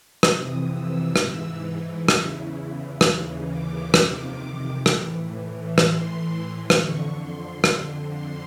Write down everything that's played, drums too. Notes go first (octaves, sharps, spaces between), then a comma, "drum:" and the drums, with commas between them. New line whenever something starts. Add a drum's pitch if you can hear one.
F2 C3 E3 D#6, drum: rim click
E6
G#2 E3 E6, drum: rim click
E2 C#3 E3, drum: rim click
D#2 C#3 E3, drum: rim click
D6
F2 C3 D#3, drum: rim click
A2 E3, drum: rim click
A2 E3 C6, drum: rim click
F2 D3 C#6, drum: rim click
C6
F2 D3, drum: rim click
C6